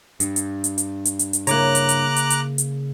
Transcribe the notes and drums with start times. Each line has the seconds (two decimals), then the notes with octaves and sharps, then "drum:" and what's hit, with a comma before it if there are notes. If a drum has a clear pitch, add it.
0.20 G2, drum: hi-hat
0.36 drum: hi-hat
0.64 drum: hi-hat
0.78 drum: hi-hat
1.05 drum: hi-hat
1.19 drum: hi-hat
1.33 drum: hi-hat
1.47 C#3 A#3 E4 C#5 A#5 D6 F#6, drum: hi-hat
1.75 drum: hi-hat
1.89 drum: hi-hat
2.16 drum: hi-hat
2.30 drum: hi-hat
2.58 drum: hi-hat